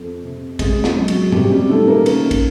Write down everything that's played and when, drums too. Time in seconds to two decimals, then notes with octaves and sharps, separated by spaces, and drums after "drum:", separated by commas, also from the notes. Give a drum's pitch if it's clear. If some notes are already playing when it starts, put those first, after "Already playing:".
Already playing: F2 F3
0.23 C3
0.59 C3 G#3 G#4, drum: kick, cymbal
0.84 G#3 G#4, drum: snare
0.96 F#3
1.08 F#3 F#4, drum: cymbal
1.32 C3 G3 G4, drum: tom G#2
1.51 G3 G4
1.69 D#3 A3 A4
1.88 A#3 A#4
2.06 A#3 C#4 A#4, drum: cymbal
2.31 drum: kick, cymbal